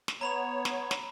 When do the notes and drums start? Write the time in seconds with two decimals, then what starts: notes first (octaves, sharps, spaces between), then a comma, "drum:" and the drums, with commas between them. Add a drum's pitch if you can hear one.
0.08 drum: snare
0.21 B3 C#5 A#5 B5 F7
0.65 drum: snare
0.91 drum: snare